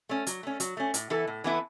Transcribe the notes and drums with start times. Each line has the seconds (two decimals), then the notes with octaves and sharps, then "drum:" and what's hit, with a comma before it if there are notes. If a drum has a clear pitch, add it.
0.09 A3 C#4
0.27 F#3, drum: hi-hat
0.43 A3 C#4
0.60 F#3, drum: hi-hat
0.77 A3 C#4
0.94 A2, drum: hi-hat
1.10 E3 B3 E4 A4
1.27 A2
1.44 E3 B3 E4 A4